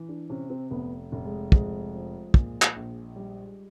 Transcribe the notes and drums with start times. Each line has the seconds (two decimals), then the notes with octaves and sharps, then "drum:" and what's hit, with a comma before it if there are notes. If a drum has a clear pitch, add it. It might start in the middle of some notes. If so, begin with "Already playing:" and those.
Already playing: E3
0.09 D4
0.29 C3 C#4
0.50 C4
0.71 F1 B3
1.12 F1
1.25 G#3
1.52 F3 G#3, drum: kick
1.94 F3
2.34 A#2, drum: kick
2.62 drum: clap
2.76 A#1
3.16 G3